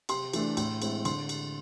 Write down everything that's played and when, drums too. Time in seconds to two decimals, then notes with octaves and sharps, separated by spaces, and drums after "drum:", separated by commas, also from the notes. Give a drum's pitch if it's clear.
0.09 C3 C6, drum: cymbal
0.33 E3 A3 D4, drum: cymbal
0.57 A2, drum: cymbal
0.82 G#3 C4 E4, drum: cymbal
1.05 D3 C6, drum: cymbal
1.29 drum: cymbal